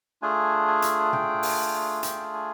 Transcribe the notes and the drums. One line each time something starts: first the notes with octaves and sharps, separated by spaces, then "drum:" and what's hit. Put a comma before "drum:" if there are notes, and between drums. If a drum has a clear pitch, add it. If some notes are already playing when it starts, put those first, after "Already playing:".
A3 D4 F4 G#4 G#5
G#5
drum: hi-hat
G5, drum: tom
drum: open hi-hat
G5, drum: hi-hat
G#5